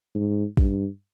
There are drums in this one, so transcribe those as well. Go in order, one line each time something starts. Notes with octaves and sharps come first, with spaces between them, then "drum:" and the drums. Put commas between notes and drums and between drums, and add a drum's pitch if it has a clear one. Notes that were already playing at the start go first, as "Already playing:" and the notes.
G#2
G2, drum: kick A1